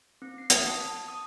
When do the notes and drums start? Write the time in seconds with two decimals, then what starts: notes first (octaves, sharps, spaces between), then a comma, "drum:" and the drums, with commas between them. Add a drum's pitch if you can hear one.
0.22 C4
0.38 C7
0.50 D#6, drum: hi-hat
0.68 A5
1.08 D#6